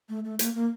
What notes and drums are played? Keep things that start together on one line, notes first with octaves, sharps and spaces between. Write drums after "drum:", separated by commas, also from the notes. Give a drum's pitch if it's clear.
A3
A3
A#3, drum: hi-hat
A#3